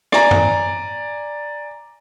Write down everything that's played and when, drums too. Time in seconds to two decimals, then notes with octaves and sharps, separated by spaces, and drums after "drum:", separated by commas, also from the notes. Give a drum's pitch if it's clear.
0.12 D5 G#5 A#5, drum: rim click
0.31 drum: tom F#2